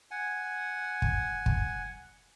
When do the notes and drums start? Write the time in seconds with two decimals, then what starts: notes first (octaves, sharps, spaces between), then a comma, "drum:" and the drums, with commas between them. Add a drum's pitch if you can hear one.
0.11 F#5 G#5
1.02 drum: kick
1.46 drum: kick